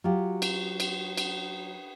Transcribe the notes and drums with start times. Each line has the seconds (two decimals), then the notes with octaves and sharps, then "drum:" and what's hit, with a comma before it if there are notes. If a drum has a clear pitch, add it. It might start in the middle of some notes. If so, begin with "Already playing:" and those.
0.04 F#3 F4 G4
0.42 drum: cymbal
0.80 drum: cymbal
1.18 drum: cymbal